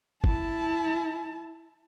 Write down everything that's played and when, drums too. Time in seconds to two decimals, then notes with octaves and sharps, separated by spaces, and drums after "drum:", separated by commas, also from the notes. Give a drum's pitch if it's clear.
0.24 E4 A5, drum: kick G1